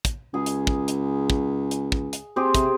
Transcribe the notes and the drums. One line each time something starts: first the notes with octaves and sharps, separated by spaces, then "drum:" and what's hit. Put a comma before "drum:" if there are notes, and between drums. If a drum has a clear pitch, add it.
drum: kick, hi-hat
C#2 G#4
drum: hi-hat
drum: kick
drum: hi-hat
drum: kick
drum: hi-hat
drum: kick
drum: hi-hat
C4 G4 G#4
C3, drum: kick, hi-hat